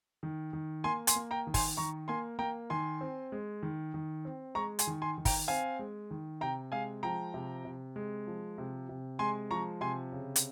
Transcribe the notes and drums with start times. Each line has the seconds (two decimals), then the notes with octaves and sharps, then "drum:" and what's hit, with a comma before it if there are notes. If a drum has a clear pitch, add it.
0.23 D#3
0.53 D#3
0.84 A#3 G#5 C6
1.07 G#5 C6, drum: hi-hat
1.15 A#3
1.31 G5 A#5
1.47 D#3
1.54 G#5 C6, drum: kick, open hi-hat
1.77 D#3 A#5 C#6
2.08 A#3 G#5 C6
2.39 A#3 G5 A#5
2.70 D#3 G#5 C6
3.01 C4
3.32 G#3
3.63 D#3
3.94 D#3
4.25 C4
4.55 G#3 A#5 C#6
4.79 G#5 C6, drum: hi-hat
4.87 D#3
5.02 G#5 C6
5.18 D#3
5.25 G5 A#5, drum: kick, open hi-hat
5.48 C4 F5 G#5
5.79 G#3
6.11 D#3
6.41 C3 G5 A#5
6.72 G#3 F5 G#5
7.03 F3 G5 A#5
7.34 C3
7.65 C3
7.96 G#3
8.27 F3
8.58 C3
8.89 C3
9.19 G#3 G#5 C6
9.51 F3 A#5 C#6
9.81 C3 G#5 C6
10.12 C#3
10.36 drum: hi-hat